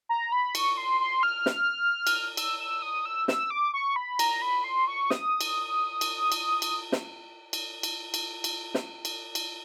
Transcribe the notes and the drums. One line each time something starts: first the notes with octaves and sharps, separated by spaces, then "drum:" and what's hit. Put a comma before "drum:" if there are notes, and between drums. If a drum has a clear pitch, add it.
A#5
B5
C#6, drum: cymbal
C6
C6
F6
drum: snare
drum: cymbal
E6, drum: cymbal
E6
D#6
E6
E6, drum: snare
D6
C#6
B5
A#5, drum: cymbal
B5
C6
C#6
D#6, drum: snare
drum: cymbal
drum: cymbal
drum: cymbal
drum: cymbal
drum: snare
drum: cymbal
drum: cymbal
drum: cymbal
drum: cymbal
drum: snare
drum: cymbal
drum: cymbal